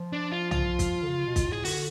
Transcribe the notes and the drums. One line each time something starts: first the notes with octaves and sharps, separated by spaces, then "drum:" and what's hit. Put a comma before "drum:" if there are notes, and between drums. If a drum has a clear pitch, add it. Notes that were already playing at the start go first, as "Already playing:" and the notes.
Already playing: F3
D4
F4
F4, drum: tom
drum: kick, hi-hat
D3
C#3
B2
drum: kick, hi-hat
A2
G#4
D3 F#4, drum: open hi-hat